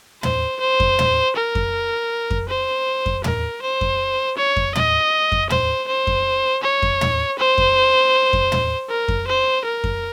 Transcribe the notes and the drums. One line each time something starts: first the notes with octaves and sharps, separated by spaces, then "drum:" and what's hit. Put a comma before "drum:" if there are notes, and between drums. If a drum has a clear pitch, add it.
C5, drum: tom
C5
drum: kick F2
drum: tom
A#4
drum: kick F2
drum: kick F2
C5
drum: kick F2
A#4, drum: tom
C5
drum: kick F2
C#5
drum: kick F2
D#5, drum: tom
drum: kick F2
C5, drum: tom
C5
drum: kick F2
C#5
drum: kick F2
drum: tom
C5
drum: kick F2
drum: kick F2
drum: tom
A#4
drum: kick F2
C5
A#4
drum: kick F2